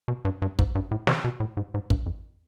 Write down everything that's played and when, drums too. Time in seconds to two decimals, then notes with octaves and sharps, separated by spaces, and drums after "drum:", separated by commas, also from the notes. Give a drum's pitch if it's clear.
0.08 B2
0.25 G2
0.42 G2
0.59 G#2, drum: kick
0.75 G2
0.91 A2
1.07 C3, drum: snare
1.24 B2
1.40 A2
1.57 G#2
1.74 G#2
1.90 G2, drum: kick
2.06 F2